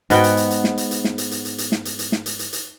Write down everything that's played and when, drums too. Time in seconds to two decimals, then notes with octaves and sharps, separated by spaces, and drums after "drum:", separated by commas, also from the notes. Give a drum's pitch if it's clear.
0.10 G#2 B3 F#4 G5, drum: hi-hat
0.24 drum: hi-hat
0.37 drum: hi-hat
0.51 drum: hi-hat
0.64 drum: snare
0.78 drum: hi-hat
0.91 drum: hi-hat
1.04 drum: snare
1.18 drum: hi-hat
1.31 drum: hi-hat
1.45 drum: hi-hat
1.58 drum: hi-hat
1.72 drum: snare
1.85 drum: hi-hat
1.99 drum: hi-hat
2.12 drum: snare
2.26 drum: hi-hat
2.39 drum: hi-hat
2.53 drum: hi-hat